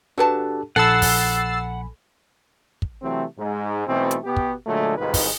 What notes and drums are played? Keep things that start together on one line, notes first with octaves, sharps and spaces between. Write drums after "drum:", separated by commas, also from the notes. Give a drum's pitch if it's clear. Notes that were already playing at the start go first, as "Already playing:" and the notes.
D4 F#4 G4 A4 B4 A5
A#1 A4 F#5 G#5 B5 E6 A6 C7
drum: kick, open hi-hat
drum: kick
C3 E3 F#3 A3 C4
G#2
B1 B2 E3 A3 C4
drum: hi-hat
B2 B3 F#4 G4
drum: kick
A#2 D3 F#3 G#3 A3
C2 G#2 D#3 G#3 F4 B4
drum: kick, open hi-hat